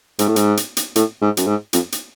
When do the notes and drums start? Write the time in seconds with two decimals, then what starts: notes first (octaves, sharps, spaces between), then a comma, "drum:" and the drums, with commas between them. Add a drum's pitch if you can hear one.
0.19 G#2, drum: hi-hat
0.28 A2
0.36 G#2, drum: hi-hat
0.57 drum: hi-hat
0.77 drum: hi-hat
0.96 A2, drum: hi-hat
1.22 G#2
1.37 F#2, drum: hi-hat
1.47 G#2
1.73 F2, drum: hi-hat
1.92 drum: hi-hat